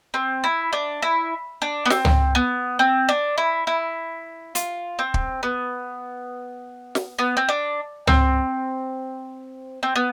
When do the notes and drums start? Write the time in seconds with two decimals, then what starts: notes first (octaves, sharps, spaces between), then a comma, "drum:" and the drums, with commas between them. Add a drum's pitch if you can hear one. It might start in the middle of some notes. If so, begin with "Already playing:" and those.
0.14 C4
0.44 E4
0.73 D4
1.02 E4
1.62 D4
1.85 B3
1.90 C4, drum: snare
2.05 drum: tom C#2
2.35 B3
2.79 C4
3.09 D4
3.38 E4
3.67 E4
4.55 F4, drum: hi-hat
4.99 C4
5.14 drum: kick
5.43 B3
6.95 drum: snare
7.19 B3
7.37 C4
7.49 D4
8.07 C4, drum: tom C#2
9.83 C4
9.96 B3